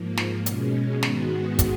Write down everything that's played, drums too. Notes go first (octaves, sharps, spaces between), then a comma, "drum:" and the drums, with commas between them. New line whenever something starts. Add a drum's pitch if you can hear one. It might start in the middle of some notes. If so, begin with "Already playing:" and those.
Already playing: G#2 F3 A#3
drum: snare
B2 G#3 C#4, drum: hi-hat
G#2 D#3 G#3 B3 F#4, drum: snare
drum: kick, hi-hat